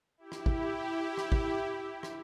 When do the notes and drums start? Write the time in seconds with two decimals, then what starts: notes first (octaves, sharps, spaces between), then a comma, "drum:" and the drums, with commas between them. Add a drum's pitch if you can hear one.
0.17 E4 G4
0.32 drum: rim click
0.46 drum: kick
1.17 drum: rim click
1.32 drum: kick
2.03 drum: rim click